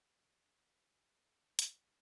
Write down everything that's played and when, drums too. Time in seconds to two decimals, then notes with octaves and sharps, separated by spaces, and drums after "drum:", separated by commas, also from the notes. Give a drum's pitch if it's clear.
0.20 E2
0.63 C4 G4 G#4 B4 D5
0.94 A1 A#2 A#4 F#5 D6 G6
1.29 G5 A5 C#6 G#6
1.59 B4 F5 F#5, drum: hi-hat